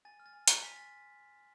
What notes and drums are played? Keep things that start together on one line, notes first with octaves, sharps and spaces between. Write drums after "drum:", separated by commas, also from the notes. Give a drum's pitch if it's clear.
G#5 A6
F6
A6
G#5
C6 A6, drum: hi-hat
G#5 B6
G#5 A6